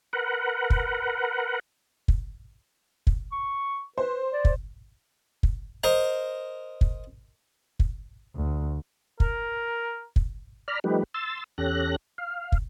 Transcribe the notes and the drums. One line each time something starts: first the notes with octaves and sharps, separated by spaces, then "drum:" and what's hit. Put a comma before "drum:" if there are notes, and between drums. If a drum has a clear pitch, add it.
A#4 B4 F#5
drum: kick
drum: kick
drum: kick
C#6
B4 C5
D5
drum: kick
drum: kick
A#4 C5 D#5 A#5
drum: kick
drum: kick
D2
A#4, drum: kick
drum: kick
D5 A#5 B5 F6
F3 G3 A3 D#4 G4 B4
C6 E6 A6
E2 C#4 G4 A4 F#6 A#6
F5
drum: kick